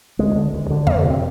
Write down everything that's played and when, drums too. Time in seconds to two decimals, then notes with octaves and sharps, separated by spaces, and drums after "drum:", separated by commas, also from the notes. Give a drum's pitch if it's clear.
0.19 D2 G#3
0.36 D3
0.53 D2
0.70 D3
0.87 F2 A#3, drum: tom
1.04 C3
1.10 C4